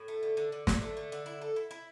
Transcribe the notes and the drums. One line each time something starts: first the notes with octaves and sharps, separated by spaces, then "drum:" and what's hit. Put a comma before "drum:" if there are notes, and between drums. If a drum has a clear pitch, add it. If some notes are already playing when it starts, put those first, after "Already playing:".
Already playing: A2
A3
D3
D3
D3
D3, drum: snare
A3
D3
D3
E4
A4
E4
E4